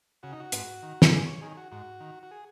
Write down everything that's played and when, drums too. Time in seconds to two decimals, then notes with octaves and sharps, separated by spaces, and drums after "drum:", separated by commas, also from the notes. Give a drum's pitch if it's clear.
0.23 C#3 F#4
0.32 D#4
0.40 F#4
0.52 G#2, drum: hi-hat
0.83 D#3
1.02 drum: snare
1.11 G#2 G#4
1.27 C#5
1.41 D#3 G#4
1.51 G#4
1.57 F#4
1.72 G#2 F#4
2.00 D#3
2.23 F#4
2.31 G#4